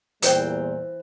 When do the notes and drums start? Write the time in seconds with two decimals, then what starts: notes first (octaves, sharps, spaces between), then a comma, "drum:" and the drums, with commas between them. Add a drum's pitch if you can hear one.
0.22 E2 A#2 E3 G3 C5 G5, drum: hi-hat